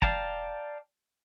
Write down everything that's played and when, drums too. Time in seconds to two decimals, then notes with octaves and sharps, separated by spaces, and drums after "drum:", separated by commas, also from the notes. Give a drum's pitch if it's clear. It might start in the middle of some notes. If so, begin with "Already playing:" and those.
0.02 D5 F5 G5 A5 A#5, drum: kick